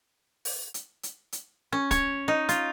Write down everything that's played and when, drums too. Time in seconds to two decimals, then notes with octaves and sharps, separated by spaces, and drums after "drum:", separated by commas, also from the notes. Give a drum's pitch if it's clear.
0.45 drum: open hi-hat
0.74 drum: hi-hat
1.03 drum: hi-hat
1.32 drum: hi-hat
1.72 C#4
1.91 C#5, drum: kick, hi-hat
2.28 D#4
2.49 F4, drum: hi-hat